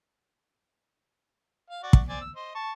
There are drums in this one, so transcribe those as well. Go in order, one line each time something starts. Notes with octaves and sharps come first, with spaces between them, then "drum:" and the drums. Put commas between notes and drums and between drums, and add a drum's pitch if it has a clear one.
F5
F#4 D5
drum: kick
C4 D5 G#5
E6
C5 D#5
A5 C#6